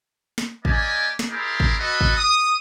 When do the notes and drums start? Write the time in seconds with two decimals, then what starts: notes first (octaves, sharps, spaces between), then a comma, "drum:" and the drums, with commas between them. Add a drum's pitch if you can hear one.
0.38 drum: snare
0.65 A#3 G4 D5 D#5 G#5, drum: kick
1.19 drum: snare
1.30 E4 G4 G#4 A#4 C5 D5
1.60 drum: kick
1.79 F#4 A4 B4 D#5 E5 F#5
2.01 drum: kick
2.17 D#6